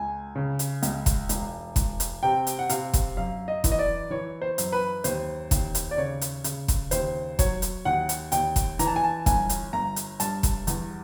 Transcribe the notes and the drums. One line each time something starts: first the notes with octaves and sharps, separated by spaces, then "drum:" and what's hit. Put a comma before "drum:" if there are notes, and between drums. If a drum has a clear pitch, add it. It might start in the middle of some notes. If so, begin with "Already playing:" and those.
Already playing: C#2 G#5
C#3
drum: hi-hat
C#2, drum: hi-hat
drum: kick, hi-hat
E1, drum: hi-hat
E1, drum: kick, hi-hat
drum: hi-hat
C3 G5
drum: hi-hat
F#5
C3 F5, drum: hi-hat
drum: kick, hi-hat
F#2 F5
D#5
E3, drum: kick, hi-hat
D#5
D5
E3 C#5
C5
F#2, drum: hi-hat
B4
D#2 C5, drum: hi-hat
D#2, drum: kick, hi-hat
drum: hi-hat
D5
C#3 C#5
drum: hi-hat
C#3, drum: hi-hat
drum: kick, hi-hat
D#2 C5, drum: hi-hat
F#3 C#5, drum: kick, hi-hat
drum: hi-hat
D#2 F#5
drum: hi-hat
D#2 G5, drum: hi-hat
drum: kick, hi-hat
E3 A#5, drum: hi-hat
A5
G#5
A5
G1 G#5, drum: kick, hi-hat
drum: hi-hat
G1 A#5
drum: hi-hat
G2 A5, drum: hi-hat
drum: kick, hi-hat
E2, drum: hi-hat